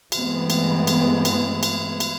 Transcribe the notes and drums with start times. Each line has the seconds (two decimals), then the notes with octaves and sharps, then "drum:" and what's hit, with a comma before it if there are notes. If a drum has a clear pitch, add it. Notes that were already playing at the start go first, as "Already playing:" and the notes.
0.12 G2 E3 G#3 A3 B3 C4, drum: cymbal
0.50 drum: cymbal
0.87 drum: cymbal
1.25 drum: cymbal
1.63 drum: cymbal
2.00 drum: cymbal